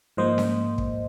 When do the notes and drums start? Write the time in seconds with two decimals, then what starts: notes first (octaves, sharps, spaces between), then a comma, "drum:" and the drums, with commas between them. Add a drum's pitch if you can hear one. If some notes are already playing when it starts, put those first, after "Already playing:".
0.17 G#2 F3 A#3 C5 D#5
0.38 drum: snare C#4
0.78 drum: kick